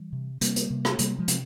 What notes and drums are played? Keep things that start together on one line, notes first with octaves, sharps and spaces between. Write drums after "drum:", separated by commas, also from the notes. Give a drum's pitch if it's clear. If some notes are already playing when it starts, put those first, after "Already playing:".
Already playing: E3 G3
C3
C3 G3 A#3, drum: hi-hat
drum: hi-hat
C3
drum: rim click
C3 G3 A#3, drum: hi-hat
F3 G#3
C3, drum: hi-hat